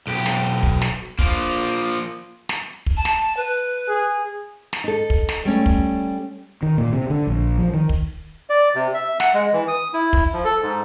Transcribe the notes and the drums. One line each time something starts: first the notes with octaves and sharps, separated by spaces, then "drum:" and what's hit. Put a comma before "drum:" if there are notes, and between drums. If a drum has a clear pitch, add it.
B1 G4
drum: snare
drum: kick
drum: snare
F3 A#3, drum: kick
drum: snare
drum: kick
A5
drum: snare
B4
G#4
drum: snare
D#4 A4
drum: kick
drum: snare
G3 A3 C#4
drum: kick
D#3
A#2
C3
D3
A#1
F3
D#3
drum: kick
D5
C3
E5
F#5, drum: snare
G#3
E3
D#6
E4
drum: kick
F3
A4
G#2